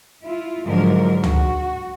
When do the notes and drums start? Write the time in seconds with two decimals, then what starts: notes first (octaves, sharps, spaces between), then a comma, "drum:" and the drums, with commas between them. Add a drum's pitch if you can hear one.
0.23 E4 F4
0.65 G#2 D3 F3 F#3 A#4
1.23 F#4, drum: tom C#2